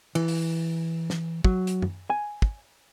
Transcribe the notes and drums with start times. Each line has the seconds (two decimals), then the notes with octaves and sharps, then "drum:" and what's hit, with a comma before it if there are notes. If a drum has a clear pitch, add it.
0.15 E3, drum: cymbal
0.28 drum: open hi-hat
1.10 drum: snare
1.44 F#3, drum: kick
1.67 drum: hi-hat
1.82 drum: tom F#2
2.10 G#5
2.42 drum: kick